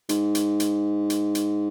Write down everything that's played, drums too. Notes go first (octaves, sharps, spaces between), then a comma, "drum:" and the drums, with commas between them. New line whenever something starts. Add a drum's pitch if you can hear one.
G#2, drum: hi-hat
drum: hi-hat
drum: hi-hat
drum: hi-hat
drum: hi-hat